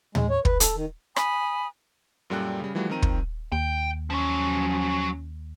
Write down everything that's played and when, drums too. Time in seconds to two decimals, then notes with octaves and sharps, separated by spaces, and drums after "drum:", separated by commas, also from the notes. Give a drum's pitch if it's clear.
0.15 G#3, drum: tom
0.30 C#5
0.45 B4, drum: kick
0.60 A4, drum: hi-hat
0.76 D#3
1.16 G#5 B5 D#6, drum: rim click
2.30 F#2 A#2 G3 A4 G5 F#6
2.60 C#3 G3
2.75 E3 F3 G3 A3 F#4
2.90 D#3 F3 C4 A#5 D#7
3.02 drum: kick
3.52 D#2 G5
4.10 F3 F#3 C#4